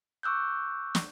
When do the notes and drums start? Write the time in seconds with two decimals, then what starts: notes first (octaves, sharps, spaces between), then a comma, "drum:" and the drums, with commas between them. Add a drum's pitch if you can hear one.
0.23 C#6 D6 E6 F#6 G6
0.95 drum: snare